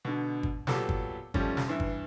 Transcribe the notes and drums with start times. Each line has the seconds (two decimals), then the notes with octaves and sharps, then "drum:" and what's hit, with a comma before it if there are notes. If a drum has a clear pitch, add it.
0.05 B2 D3
0.43 drum: kick
0.67 A#2 F#3 B3 G4 A4, drum: snare
0.89 drum: kick
1.34 F3 G3 A3 C#4, drum: kick
1.57 drum: snare
1.68 G2 E3 E5
1.80 drum: kick